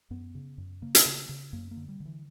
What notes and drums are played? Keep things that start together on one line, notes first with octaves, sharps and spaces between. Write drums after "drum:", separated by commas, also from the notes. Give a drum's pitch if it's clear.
F#2 B3
C#3
F#2
C#3 A#3
drum: hi-hat
C#3
C#3
F#2 A#3
A#3
D3
G3
D3
E3